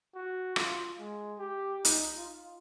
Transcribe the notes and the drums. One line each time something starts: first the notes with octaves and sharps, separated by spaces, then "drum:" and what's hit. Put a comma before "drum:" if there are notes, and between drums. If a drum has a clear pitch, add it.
F#4
F4, drum: rim click
G#3
G4
D#4, drum: hi-hat
F4